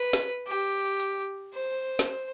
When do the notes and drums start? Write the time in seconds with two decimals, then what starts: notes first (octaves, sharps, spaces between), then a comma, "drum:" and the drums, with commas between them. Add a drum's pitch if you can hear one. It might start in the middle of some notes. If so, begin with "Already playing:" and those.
Already playing: B4
0.13 drum: snare
0.46 G4
1.00 drum: hi-hat
1.54 C5
1.99 drum: snare